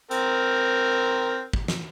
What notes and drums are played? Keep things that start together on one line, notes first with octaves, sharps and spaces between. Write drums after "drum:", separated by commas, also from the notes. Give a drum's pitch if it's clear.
C4 A#4, drum: hi-hat
drum: kick
drum: snare